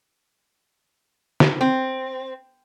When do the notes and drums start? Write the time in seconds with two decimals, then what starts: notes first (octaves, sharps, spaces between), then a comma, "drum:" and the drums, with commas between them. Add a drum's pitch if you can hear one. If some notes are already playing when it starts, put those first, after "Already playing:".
1.40 drum: snare
1.61 C4